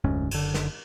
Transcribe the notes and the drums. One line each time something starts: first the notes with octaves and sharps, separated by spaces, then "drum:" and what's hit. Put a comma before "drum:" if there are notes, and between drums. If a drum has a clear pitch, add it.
F1 D2 G#2 C#4
F#1 D3, drum: cymbal
drum: snare